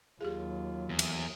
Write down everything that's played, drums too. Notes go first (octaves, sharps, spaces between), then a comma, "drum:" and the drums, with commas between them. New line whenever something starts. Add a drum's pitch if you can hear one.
D#2 F#3 F4 G4 G#4
E2
drum: cymbal